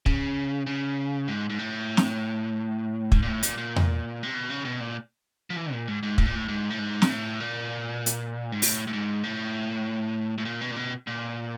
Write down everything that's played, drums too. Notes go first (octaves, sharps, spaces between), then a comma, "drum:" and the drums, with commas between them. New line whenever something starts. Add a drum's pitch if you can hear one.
C#3, drum: kick
C#3
G#2
G#2
A2
drum: snare
G#2, drum: kick
A#2
A2
A#2, drum: hi-hat
A#2
drum: tom E2
C3
B2
C#3
B2
A#2
F3
E3
A#2
G#2
G#2
A2, drum: kick
A#2
A2
G#2
A2
G#2
A#2, drum: snare
A2
A#2
drum: hi-hat
G#2
A2, drum: open hi-hat
A2
G#2
A2
A2
A#2
B2
A#2
B2
A#2